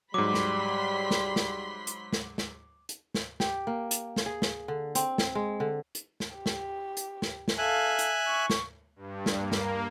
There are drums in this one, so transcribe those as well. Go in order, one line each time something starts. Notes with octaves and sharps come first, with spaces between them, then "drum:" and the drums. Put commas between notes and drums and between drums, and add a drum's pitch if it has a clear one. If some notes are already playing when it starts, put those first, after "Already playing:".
G#2 F#3 G3 B5 C6 D6 B6
drum: snare
drum: snare
drum: snare
drum: hi-hat
drum: snare
drum: snare
drum: hi-hat
drum: snare
G4, drum: snare
A#3
drum: hi-hat
drum: snare
G#4
drum: snare
D3
C4, drum: hi-hat
drum: snare
G#3
D3
drum: hi-hat
drum: snare
G4
drum: snare
drum: hi-hat
drum: snare
drum: snare
A4 E5 F5 G#5 F#6
drum: hi-hat
C#6
drum: snare
G2
drum: snare
A#3
drum: snare